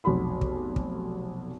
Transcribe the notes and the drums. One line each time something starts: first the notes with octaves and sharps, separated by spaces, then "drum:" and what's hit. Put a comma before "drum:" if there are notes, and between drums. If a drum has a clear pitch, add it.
F1 B1 F#4 B5 C6
drum: kick
drum: kick